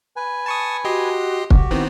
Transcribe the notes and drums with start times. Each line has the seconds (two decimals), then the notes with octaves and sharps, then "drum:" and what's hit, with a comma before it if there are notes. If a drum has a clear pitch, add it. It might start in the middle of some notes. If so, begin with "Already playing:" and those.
0.16 B4 G#5
0.46 A5 C#6 D#6
0.85 F#4 G4 D#5 C6
1.50 F#4 G4, drum: kick
1.71 D#3 B3 C4 E4